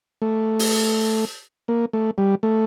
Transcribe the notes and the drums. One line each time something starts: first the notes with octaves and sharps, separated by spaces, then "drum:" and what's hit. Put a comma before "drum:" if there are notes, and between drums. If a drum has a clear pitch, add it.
A3
drum: open hi-hat
A#3
A3
G3
A3